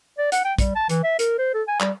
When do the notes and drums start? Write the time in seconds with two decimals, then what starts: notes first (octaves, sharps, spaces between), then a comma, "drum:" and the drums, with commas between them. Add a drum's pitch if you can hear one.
0.18 D5
0.32 F#5, drum: hi-hat
0.45 G5
0.58 G3, drum: kick, hi-hat
0.76 A5
0.89 E3, drum: hi-hat
1.04 E5
1.19 A#4, drum: hi-hat
1.38 C5
1.54 A4
1.68 G#5
1.80 G3, drum: clap